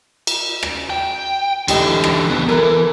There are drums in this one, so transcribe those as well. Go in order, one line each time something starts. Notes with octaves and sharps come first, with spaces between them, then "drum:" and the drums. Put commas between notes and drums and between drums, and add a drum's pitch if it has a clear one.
drum: cymbal
drum: rim click
G5
D3 E3 A3 G4 D#5, drum: cymbal
drum: rim click
C#2 B3
E3 A4 A#4